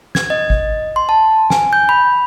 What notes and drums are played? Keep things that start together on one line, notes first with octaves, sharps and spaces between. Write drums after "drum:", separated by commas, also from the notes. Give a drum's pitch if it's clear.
G#6, drum: snare
D#5
drum: kick G#1
C6
A5
G#5, drum: snare
G6
B5